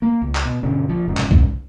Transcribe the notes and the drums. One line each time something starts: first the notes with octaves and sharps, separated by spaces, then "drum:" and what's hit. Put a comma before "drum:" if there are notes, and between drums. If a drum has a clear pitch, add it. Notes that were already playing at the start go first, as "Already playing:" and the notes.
A#3
C#2
drum: clap
B2
G2 B2 D3 C#4
A#1 F3
F1 B1 G#2 C#3
drum: clap
drum: kick B1